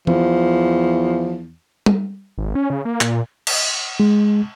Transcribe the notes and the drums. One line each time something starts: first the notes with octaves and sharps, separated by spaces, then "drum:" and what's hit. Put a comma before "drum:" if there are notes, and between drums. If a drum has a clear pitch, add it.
E2 F3, drum: tom E3
drum: tom G3
G#1
C#4
C#3
A#3
A#2, drum: clap
drum: cymbal
G#3